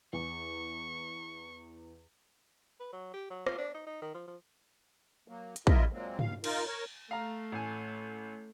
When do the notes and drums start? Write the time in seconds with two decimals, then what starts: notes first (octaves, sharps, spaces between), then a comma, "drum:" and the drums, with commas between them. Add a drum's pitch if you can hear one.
0.13 E2 C#6
2.80 B4
2.92 F#3
3.13 G4
3.30 F#3
3.46 F4, drum: rim click
3.58 D4
3.74 D#4
3.86 D#4
4.02 D#3
4.14 F3
4.27 F3
5.28 F#3 A#3
5.56 drum: hi-hat
5.67 E4 F4 A#4 D#5 E5, drum: kick
5.92 A#2 F#3 G#3 A#3 C4
6.19 D#2 F5, drum: tom
6.44 D#4 F4 A#4, drum: cymbal
6.67 A#4 C#5
7.11 A3 F5 A#5
7.52 A1 G#5